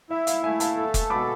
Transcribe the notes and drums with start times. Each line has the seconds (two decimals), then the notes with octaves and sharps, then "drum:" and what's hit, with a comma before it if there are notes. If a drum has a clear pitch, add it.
0.10 E4 E5
0.27 F5, drum: hi-hat
0.44 A3 E5 G#5
0.60 F5 A5, drum: hi-hat
0.77 A4
0.94 drum: kick F1, hi-hat
1.10 B2 B5 D6